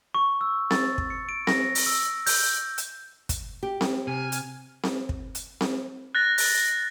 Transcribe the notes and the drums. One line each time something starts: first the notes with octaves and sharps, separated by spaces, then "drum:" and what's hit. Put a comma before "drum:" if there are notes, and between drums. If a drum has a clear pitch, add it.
C#6
E6
A6, drum: snare C4
drum: kick
C#7
D7
A#6, drum: snare C4
drum: open hi-hat
E6
G6, drum: open hi-hat
drum: hi-hat
drum: kick, hi-hat
G4
drum: snare C4
C3 G#5 F6 G#6
drum: hi-hat
drum: snare C4
drum: kick
drum: hi-hat
drum: snare C4
F#6 A6 A#6
drum: open hi-hat